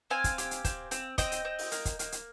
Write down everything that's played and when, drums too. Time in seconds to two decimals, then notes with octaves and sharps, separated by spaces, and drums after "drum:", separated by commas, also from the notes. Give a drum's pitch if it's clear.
0.10 C4 F5 G#5
0.24 drum: kick, hi-hat
0.38 G4, drum: hi-hat
0.51 drum: hi-hat
0.65 C4, drum: kick, hi-hat
0.91 C4, drum: hi-hat
1.18 C4 D#5 G5, drum: kick, hi-hat
1.32 drum: hi-hat
1.45 C4
1.59 drum: open hi-hat
1.72 A#3, drum: hi-hat
1.85 drum: kick, hi-hat
1.99 A#3, drum: hi-hat
2.12 drum: hi-hat